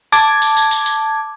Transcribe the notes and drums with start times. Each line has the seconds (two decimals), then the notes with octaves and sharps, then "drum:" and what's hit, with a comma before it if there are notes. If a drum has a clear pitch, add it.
0.12 A5 D6 G#6, drum: tambourine
0.42 drum: tambourine
0.56 drum: tambourine
0.71 drum: tambourine
0.86 drum: tambourine